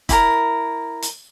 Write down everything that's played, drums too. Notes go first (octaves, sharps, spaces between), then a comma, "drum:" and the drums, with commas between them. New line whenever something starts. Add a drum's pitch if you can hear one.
E4 G4 A#4, drum: kick, hi-hat
drum: hi-hat